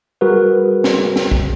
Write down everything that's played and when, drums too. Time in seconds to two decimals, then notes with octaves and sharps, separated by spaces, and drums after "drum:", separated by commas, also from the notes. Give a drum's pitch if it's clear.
0.21 G3 F#4 G#4 A#4 B4
0.84 drum: snare
1.16 drum: snare
1.31 drum: kick